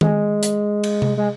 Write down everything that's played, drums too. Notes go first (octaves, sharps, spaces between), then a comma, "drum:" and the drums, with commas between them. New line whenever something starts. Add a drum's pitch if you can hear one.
G#3, drum: tom D#3
drum: hi-hat
drum: cymbal
drum: tom C3
G#3